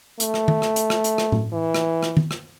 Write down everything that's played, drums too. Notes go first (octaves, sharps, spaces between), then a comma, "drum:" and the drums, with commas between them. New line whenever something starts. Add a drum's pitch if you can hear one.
A3, drum: hi-hat
drum: rim click
drum: tom D#3
drum: rim click
drum: hi-hat
drum: rim click
drum: hi-hat
drum: rim click
drum: tom A2
E3
drum: rim click
drum: rim click
drum: tom D#3
drum: rim click